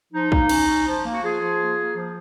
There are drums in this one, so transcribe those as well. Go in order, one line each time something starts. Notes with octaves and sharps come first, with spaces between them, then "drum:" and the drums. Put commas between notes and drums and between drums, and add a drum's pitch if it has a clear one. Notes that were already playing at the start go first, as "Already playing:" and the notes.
F3 D#4
A#3, drum: kick A#1
C#4, drum: cymbal
C#4
F3
A#3
F#4
F3 F4 G#4
F3
A#3
A#3
F3